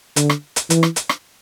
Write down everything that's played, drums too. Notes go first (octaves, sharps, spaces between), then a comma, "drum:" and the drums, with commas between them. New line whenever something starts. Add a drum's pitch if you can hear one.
D3, drum: hi-hat
drum: rim click
drum: hi-hat
E3, drum: hi-hat
drum: rim click
drum: hi-hat
drum: rim click